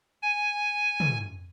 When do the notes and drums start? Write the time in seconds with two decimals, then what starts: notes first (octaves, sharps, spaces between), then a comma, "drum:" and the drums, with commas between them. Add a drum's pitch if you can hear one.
0.22 G#5
1.00 drum: tom